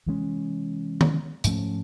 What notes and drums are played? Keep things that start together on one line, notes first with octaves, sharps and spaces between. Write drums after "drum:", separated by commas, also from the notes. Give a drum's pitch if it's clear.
C3 E3 G#3 C#4
drum: tom D#3
G#2 F3 A3 C#4, drum: hi-hat